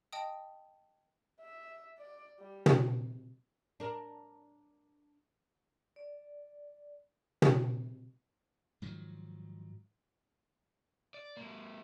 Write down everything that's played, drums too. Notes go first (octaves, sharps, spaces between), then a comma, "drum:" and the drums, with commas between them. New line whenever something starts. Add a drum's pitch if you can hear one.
D#5 G5 A5 D#6
E5
D5
G3
drum: tom
D4 A#4
D5
drum: tom
G#2 D#3 F3 F#3
D5
G#3 A#3